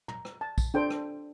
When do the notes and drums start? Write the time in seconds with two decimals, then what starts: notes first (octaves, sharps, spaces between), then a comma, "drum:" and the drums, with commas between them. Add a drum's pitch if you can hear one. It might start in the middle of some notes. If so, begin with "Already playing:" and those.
0.08 A#5, drum: tom
0.25 drum: rim click
0.41 A5
0.58 drum: kick A#1, tambourine
0.74 D4 A4 C5 G5
0.90 drum: rim click